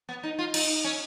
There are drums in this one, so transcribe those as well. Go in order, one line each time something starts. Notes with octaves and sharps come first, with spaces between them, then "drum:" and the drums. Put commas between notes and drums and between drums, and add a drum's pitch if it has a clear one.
B3
D#4
F4
D#4, drum: cymbal
C#4